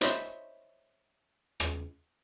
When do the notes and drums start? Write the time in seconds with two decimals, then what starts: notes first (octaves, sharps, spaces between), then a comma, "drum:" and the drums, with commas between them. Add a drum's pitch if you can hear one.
0.01 C5 C#5 D#5 E5 B5, drum: hi-hat
1.60 drum: rim click